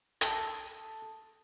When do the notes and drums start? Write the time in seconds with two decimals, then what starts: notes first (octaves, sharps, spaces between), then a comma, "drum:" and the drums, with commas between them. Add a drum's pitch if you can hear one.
0.21 A4 A5 D#6, drum: hi-hat